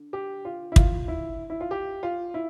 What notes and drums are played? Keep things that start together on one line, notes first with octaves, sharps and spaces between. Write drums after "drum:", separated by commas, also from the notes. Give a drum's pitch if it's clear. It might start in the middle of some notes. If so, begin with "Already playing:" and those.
Already playing: D3
G4
F4
E4
F4, drum: kick
E4
E4
F4
G4
F4
E4